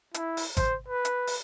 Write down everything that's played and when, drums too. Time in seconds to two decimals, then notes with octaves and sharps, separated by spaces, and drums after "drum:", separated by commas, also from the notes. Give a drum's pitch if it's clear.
0.14 E4, drum: hi-hat
0.37 drum: open hi-hat
0.57 C5, drum: kick G#1, hi-hat
0.88 B4
1.05 drum: hi-hat
1.27 drum: open hi-hat